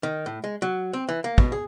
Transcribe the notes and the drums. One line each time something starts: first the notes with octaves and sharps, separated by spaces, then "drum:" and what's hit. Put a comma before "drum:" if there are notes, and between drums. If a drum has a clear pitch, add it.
D#3
A2
G#3
F#3
C4
E3
A#3
B2, drum: kick
G#4